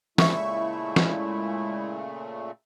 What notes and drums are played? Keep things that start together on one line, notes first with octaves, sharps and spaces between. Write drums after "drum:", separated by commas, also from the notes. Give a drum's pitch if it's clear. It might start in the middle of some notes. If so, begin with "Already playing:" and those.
A#2 C#3 G#3 A3 E4 E5 C#6, drum: snare
drum: snare